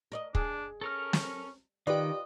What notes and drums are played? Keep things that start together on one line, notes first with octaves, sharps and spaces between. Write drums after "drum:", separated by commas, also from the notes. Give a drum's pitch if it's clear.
A#4 D5 D#5
D4 G#4, drum: kick
C#4 A4 A#4 F6
drum: snare
D#3 F4 G4 B4 D5 D#5